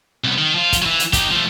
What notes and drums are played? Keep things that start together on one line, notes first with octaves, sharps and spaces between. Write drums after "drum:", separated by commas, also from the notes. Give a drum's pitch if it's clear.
C2 B3
D#3
F3 F4
drum: kick, hi-hat
E3 F#3
drum: hi-hat
D#4 G4, drum: kick, hi-hat
F3 A3